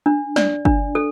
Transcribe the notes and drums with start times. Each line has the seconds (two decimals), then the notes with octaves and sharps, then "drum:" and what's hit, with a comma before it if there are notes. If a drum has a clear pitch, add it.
0.06 D4
0.36 D5, drum: snare
0.65 D4, drum: kick G1
0.95 A4